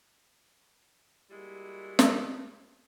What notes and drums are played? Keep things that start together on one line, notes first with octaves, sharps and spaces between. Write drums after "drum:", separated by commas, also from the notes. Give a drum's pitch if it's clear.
G3 G#3 A#3 E4 F#4
drum: snare